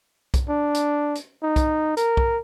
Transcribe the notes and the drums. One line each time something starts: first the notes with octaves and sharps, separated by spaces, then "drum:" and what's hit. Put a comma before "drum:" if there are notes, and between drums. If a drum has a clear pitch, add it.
drum: kick B1, hi-hat
D4
drum: hi-hat
drum: hi-hat
D#4
drum: kick B1, hi-hat
A#4, drum: hi-hat
drum: kick B1